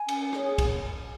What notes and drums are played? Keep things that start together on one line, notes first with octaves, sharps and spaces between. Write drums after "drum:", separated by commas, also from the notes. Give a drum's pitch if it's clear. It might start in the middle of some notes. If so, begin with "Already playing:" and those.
Already playing: G#5
C#4, drum: cymbal
G#4 C#5, drum: rim click
drum: kick, cymbal